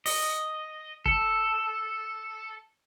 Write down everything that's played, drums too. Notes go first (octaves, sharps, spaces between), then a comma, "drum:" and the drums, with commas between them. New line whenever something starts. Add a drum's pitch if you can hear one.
D#5, drum: open hi-hat
A4, drum: kick